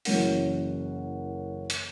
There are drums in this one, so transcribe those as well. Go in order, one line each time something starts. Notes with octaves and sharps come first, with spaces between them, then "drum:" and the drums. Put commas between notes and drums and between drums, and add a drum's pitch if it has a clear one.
F#1 E3 F#3 C#4 A#4 F#5, drum: open hi-hat
drum: hi-hat